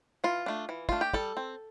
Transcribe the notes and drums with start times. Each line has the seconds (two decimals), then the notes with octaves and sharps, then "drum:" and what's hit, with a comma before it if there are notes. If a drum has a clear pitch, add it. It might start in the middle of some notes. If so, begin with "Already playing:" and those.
0.24 E3 F4
0.46 A3 D4
0.69 E3
0.89 A3 D4 F4, drum: kick
1.01 G4
1.13 G3 A4, drum: kick
1.37 C4